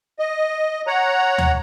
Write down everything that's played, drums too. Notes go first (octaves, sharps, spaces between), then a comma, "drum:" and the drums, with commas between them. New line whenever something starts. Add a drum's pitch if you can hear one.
D#5
C#5 F#5 A#5
drum: tom D2